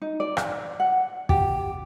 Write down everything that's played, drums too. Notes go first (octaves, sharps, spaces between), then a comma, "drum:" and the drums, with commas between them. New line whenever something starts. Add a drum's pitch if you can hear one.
D#4
D5
drum: rim click
F#5
G4, drum: kick